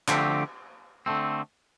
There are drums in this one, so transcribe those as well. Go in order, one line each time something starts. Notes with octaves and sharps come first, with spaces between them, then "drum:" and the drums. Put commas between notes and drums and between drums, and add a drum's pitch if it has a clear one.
D3 F3 A3 C4 G4, drum: clap
D3 A3 C4